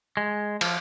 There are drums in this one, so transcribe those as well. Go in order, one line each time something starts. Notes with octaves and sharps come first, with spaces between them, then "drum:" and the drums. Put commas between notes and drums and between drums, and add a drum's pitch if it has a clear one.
G#3
F3, drum: cymbal